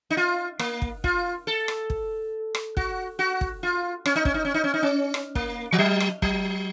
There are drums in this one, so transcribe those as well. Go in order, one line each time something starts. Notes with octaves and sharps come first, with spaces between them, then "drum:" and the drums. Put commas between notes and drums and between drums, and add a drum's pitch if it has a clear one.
D#4
F4
A#3, drum: rim click
drum: kick
F4, drum: kick
A4
drum: rim click
drum: kick
drum: rim click
F#4, drum: kick
F#4
drum: kick
F4
C#4, drum: rim click
D#4
C#4, drum: kick
D#4
C#4
D#4
C#4
D#4
C#4
drum: rim click
A#3, drum: kick
F3
F#3
drum: rim click
F#3, drum: kick